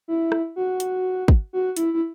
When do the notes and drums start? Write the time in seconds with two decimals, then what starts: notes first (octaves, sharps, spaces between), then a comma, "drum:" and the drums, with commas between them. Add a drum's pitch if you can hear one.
0.08 E4
0.32 drum: rim click
0.56 F#4
0.80 drum: hi-hat
1.28 drum: kick
1.53 F#4
1.77 E4, drum: hi-hat
1.94 E4